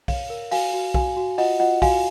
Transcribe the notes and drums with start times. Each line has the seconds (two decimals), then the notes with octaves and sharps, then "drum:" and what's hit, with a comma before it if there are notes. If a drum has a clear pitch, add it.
0.08 C#5 F5, drum: kick B1, open hi-hat
0.30 A#4
0.51 F#4 F5 G#5, drum: open hi-hat
0.73 F#4
0.94 F#4 F5 G#5, drum: kick B1
1.17 F#4
1.38 F4 D#5 F#5, drum: open hi-hat
1.60 F4 D#5 F#5
1.82 F#4 F5 G#5, drum: kick B1, open hi-hat